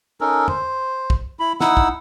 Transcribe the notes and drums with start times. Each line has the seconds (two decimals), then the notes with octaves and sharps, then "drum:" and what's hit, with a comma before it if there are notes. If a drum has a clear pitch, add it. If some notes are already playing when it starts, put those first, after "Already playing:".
0.21 C#4 D#4 A4 A#4
0.48 C5, drum: tom F2
1.10 drum: kick
1.39 E4 B5
1.61 D#4 E4 F#5 E6, drum: snare
1.77 drum: kick